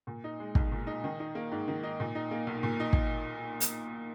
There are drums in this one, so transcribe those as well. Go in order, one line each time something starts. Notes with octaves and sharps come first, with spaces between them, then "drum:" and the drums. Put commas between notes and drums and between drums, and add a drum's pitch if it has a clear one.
A#2
D#4
G#3
B1, drum: kick
A#2
D#4
D#3
D#4
A#3
G#2
D#3
D#4
A#2
D#4
A#3
B1
A#2
D#4
drum: kick
drum: hi-hat